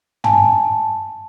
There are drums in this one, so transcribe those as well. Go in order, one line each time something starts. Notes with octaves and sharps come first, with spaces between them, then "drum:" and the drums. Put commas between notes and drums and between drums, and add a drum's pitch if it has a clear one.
G#5 A5, drum: tom